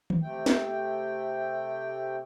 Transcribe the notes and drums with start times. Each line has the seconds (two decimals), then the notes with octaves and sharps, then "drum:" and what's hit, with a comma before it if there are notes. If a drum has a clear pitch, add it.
0.10 drum: tom D#3
0.23 C3 A3 G5
0.46 drum: snare